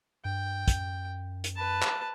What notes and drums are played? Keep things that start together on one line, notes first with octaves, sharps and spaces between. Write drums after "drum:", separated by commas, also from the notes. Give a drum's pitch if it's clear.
G2 G5
F#2, drum: kick, hi-hat
drum: hi-hat
B4 A5
drum: clap